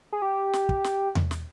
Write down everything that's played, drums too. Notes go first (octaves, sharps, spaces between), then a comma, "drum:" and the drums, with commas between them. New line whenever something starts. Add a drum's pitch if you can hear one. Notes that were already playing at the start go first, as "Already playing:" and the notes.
G#4
G4
drum: snare
drum: kick
drum: snare
drum: tom E2
drum: snare